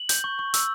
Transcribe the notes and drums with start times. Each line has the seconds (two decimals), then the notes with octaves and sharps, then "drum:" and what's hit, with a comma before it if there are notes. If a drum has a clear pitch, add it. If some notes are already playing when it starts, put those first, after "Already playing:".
Already playing: F#7
0.09 G6, drum: hi-hat
0.24 C#6
0.39 C#6
0.54 E6, drum: hi-hat